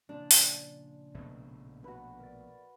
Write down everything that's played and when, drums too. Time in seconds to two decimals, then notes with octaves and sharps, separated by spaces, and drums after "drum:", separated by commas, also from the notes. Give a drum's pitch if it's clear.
0.09 A#2 C#3 F3 D4
0.31 drum: open hi-hat
1.15 A#1 B2 A3
1.84 D3 F#4 B4
2.20 A#4 D5